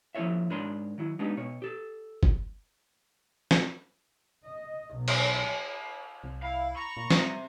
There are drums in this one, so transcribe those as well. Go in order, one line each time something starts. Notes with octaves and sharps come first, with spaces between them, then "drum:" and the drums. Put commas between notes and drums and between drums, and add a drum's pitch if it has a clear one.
F3 A#3 E4 A4 C#5 E5
G#2 D4 A#4 C#5 B5 C6
D#3 F#3 E4
G#3 B3 D4 D#4 G4
B2 C#5
G4 A4
drum: kick G1
drum: snare
D#5
B1
drum: cymbal
C2
E4 F5
A#5 B5 C#6
A#2
C3 G3, drum: snare